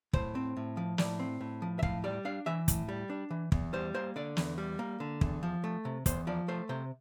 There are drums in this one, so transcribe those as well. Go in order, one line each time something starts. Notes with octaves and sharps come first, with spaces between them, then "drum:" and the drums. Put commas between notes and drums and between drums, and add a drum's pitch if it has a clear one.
A2 C5, drum: kick
C4
A2
F3
A2 D5, drum: snare
C4
A2
F3
E5
A2 F5, drum: kick
G3 D5
D4 F5
E3 E5
A2, drum: kick, hi-hat
G3
D4
E3
E2, drum: kick
G3 C5
A#3 C5
D3 D5
E2, drum: snare
G3
A#3
D3
E2, drum: kick
F3
A3
C3
E2 C5, drum: kick, hi-hat
F3 D5
A3 C5
C3 C5